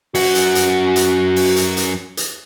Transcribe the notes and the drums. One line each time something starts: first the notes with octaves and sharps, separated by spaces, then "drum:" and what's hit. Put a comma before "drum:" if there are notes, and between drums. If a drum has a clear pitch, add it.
F#2 F#4 F#5, drum: open hi-hat
drum: hi-hat
drum: hi-hat
drum: hi-hat
drum: open hi-hat
drum: hi-hat
drum: hi-hat
drum: hi-hat